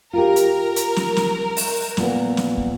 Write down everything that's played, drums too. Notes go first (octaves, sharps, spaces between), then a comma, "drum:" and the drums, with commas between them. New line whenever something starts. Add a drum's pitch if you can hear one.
F4 G4 A#4
drum: hi-hat
drum: hi-hat
drum: snare
drum: snare
drum: open hi-hat
A#2 B3, drum: snare
drum: snare
drum: kick